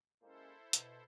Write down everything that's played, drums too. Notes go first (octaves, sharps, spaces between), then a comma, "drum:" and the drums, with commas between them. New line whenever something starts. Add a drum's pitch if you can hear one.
G#3 A#3 C#4 E4 A4 C5
B2, drum: hi-hat